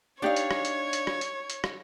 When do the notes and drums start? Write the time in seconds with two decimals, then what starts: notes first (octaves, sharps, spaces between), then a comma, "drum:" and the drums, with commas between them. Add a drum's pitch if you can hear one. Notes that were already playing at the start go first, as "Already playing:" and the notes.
0.22 D4 D#4 G4 C#5 D5 F5 G#6
0.36 drum: hi-hat
0.51 drum: rim click
0.65 drum: hi-hat
0.93 drum: hi-hat
1.07 drum: rim click
1.21 drum: hi-hat
1.50 drum: hi-hat
1.64 drum: rim click